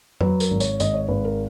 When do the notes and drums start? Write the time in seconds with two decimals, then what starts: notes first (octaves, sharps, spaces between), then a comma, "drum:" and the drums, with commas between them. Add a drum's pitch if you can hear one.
0.21 F#3 B4, drum: tom F2
0.40 A#4, drum: tambourine
0.50 G#1
0.60 C#5, drum: tambourine
0.80 G#1 D#5, drum: tambourine
0.94 C#5
1.08 G#1 B4
1.24 A#4